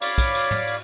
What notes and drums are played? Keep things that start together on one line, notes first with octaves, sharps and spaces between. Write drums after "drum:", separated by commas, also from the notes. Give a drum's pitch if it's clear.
C#5 D5 F5 B5 D6, drum: cymbal
drum: kick, cymbal
drum: cymbal
drum: tom
drum: cymbal